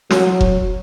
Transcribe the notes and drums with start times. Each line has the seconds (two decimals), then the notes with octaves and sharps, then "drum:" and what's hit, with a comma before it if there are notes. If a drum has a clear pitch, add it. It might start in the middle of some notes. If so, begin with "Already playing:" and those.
0.10 F#3, drum: snare
0.41 drum: kick F1